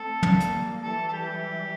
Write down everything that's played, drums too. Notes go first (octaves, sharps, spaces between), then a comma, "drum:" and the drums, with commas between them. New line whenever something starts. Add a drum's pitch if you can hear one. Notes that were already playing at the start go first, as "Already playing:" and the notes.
Already playing: A3 C4 A4
G3 A#3, drum: tom
drum: hi-hat
E3 G3 A4
A4
G4